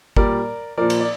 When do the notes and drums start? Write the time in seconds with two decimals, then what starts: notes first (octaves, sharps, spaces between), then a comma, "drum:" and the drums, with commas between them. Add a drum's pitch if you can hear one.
0.16 A#2 G3 A#4 D5, drum: kick
0.77 A#2 F3 A#4 D5
0.90 drum: cymbal
1.00 D5